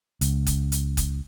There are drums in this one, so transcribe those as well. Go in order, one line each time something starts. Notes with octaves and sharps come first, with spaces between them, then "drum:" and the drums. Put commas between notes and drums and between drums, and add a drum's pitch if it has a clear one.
C#2, drum: hi-hat
drum: kick F#1, hi-hat
drum: hi-hat
drum: kick F#1, hi-hat